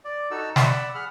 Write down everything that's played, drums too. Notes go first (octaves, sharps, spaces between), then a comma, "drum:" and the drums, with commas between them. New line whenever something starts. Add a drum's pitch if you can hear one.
D5
D#4 F#4 A4 E6
D5 F#5 B5 E6, drum: snare
G#4 F#5 B5 F6